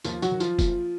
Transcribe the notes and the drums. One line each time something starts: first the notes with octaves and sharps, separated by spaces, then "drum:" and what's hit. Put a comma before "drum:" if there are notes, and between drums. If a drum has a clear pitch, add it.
D#2 F3 F4, drum: tambourine
F#3 F#4, drum: tambourine
D#3
F3 F4, drum: tambourine
F#1, drum: kick F1, tambourine